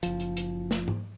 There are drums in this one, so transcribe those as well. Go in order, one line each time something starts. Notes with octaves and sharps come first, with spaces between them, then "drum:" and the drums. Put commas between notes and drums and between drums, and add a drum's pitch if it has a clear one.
F#1 F3, drum: hi-hat
drum: hi-hat
drum: hi-hat
drum: snare
drum: tom G#2